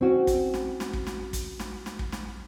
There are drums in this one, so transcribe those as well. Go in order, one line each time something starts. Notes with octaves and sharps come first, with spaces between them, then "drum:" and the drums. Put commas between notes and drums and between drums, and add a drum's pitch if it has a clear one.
C4 C#4 F#4
drum: kick, hi-hat
drum: snare
drum: snare
drum: kick
drum: snare
drum: kick, hi-hat
drum: snare
drum: snare
drum: kick
drum: snare